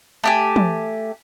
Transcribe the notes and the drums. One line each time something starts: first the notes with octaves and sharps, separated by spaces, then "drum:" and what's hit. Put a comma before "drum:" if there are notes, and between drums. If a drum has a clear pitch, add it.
A3 G4 G#5
drum: tom